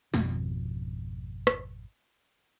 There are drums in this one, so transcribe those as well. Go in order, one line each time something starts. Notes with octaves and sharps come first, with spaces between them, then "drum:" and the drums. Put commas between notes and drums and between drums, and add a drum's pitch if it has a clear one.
G#1 F2 B2 F3, drum: snare
drum: rim click